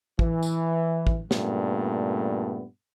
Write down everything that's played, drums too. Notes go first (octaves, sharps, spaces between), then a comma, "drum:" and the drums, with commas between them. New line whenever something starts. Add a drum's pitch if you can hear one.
E3, drum: kick
drum: tambourine
drum: kick
G2 A#2 C#3 A3 B3, drum: snare